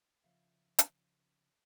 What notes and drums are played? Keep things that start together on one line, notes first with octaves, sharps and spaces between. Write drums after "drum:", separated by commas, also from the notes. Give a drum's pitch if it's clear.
C#3 F3 F4 E5 F5
drum: hi-hat